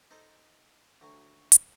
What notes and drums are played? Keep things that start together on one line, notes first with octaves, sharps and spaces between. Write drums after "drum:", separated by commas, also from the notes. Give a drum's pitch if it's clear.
D#4 A4 C5
D2 F#3
drum: hi-hat